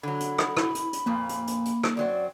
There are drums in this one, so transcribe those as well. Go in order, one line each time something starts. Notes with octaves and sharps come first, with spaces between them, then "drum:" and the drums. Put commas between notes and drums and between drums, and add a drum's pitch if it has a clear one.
D3 F#3 B5
drum: hi-hat
drum: rim click
E4, drum: rim click
drum: hi-hat
drum: hi-hat
F2 A#2 F3 A#3
A#3
drum: hi-hat
drum: hi-hat
drum: hi-hat
drum: rim click
F#2 F#3 C4 D5